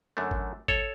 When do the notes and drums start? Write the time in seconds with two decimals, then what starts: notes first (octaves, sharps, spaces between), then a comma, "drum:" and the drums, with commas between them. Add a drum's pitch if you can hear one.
0.17 F#2 D3 A3 D4
0.31 drum: kick G#1
0.68 A4 C#5, drum: kick G#1